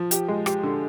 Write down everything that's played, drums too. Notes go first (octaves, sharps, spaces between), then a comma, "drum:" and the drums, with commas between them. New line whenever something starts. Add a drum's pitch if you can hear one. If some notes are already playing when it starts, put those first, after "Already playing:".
Already playing: F3
G4, drum: hi-hat
G#3
G4, drum: rim click
D3